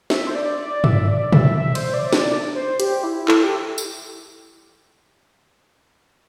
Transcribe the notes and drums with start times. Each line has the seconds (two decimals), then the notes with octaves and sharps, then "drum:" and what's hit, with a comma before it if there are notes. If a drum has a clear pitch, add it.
0.10 E5, drum: snare
0.27 C5
0.35 D5
0.60 D5
0.84 E5, drum: tom G2
1.08 D5
1.33 E5, drum: tom
1.57 E5
1.75 C5, drum: cymbal
1.94 D5
2.13 D5, drum: snare
2.55 C5
2.80 G4, drum: hi-hat
3.04 E4
3.28 A4, drum: clap
3.44 G4
3.78 drum: tambourine